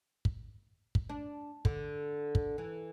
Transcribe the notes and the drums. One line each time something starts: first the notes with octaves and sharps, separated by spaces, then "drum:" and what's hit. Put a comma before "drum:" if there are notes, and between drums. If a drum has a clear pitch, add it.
drum: kick
drum: kick
D4
D3, drum: kick
drum: kick
E3